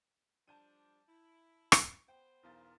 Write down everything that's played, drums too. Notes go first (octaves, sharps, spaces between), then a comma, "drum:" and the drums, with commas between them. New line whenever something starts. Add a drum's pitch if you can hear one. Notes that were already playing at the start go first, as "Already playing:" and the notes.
F3 G3 D4 A5 G6 D#7
E4
drum: rim click
B3 C5 G5
B1 E2 F4 A#4 A6